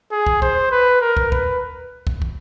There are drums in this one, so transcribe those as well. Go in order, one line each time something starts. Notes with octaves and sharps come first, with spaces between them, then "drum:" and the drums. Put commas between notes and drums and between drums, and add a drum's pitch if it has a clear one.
G#4
drum: kick
C5, drum: kick
B4
A#4
drum: kick
B4, drum: kick
drum: kick
drum: kick